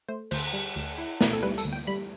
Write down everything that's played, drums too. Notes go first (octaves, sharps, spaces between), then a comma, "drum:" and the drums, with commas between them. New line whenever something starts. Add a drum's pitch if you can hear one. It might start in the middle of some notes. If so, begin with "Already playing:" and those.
A3 C5
D2 C5, drum: cymbal
G3
D2
E4
B2, drum: snare
A4
G3 B4
A4, drum: tambourine
D2
G5
G3 B5